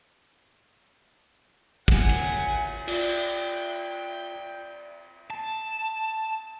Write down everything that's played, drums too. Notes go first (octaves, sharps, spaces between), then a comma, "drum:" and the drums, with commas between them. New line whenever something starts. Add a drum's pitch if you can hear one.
F#5 G#5, drum: kick
drum: cymbal
F4 D5 G5, drum: cymbal
A5